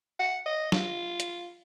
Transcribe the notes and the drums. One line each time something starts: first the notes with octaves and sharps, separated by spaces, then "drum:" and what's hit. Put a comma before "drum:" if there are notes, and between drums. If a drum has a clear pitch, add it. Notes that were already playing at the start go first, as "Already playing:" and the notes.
F#5
D#5
F4, drum: snare
drum: hi-hat